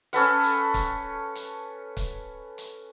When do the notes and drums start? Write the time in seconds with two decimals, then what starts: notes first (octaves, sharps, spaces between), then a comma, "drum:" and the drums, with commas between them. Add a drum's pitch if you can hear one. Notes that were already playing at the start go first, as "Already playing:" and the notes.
0.13 C#4 A4 B4 F#5, drum: hi-hat
0.43 drum: hi-hat
0.74 drum: kick, hi-hat
1.35 drum: hi-hat
1.97 drum: kick, hi-hat
2.58 drum: hi-hat